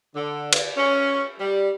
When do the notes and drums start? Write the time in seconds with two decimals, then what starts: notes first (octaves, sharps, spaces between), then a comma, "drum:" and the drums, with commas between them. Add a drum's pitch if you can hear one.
0.15 D3
0.53 drum: cymbal
0.77 C#4
1.40 G3